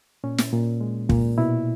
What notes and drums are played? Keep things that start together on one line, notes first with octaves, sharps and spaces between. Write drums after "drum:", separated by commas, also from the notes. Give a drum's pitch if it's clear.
A#2 C#4
drum: snare
A#2
G#3
A#2, drum: kick
B2 E4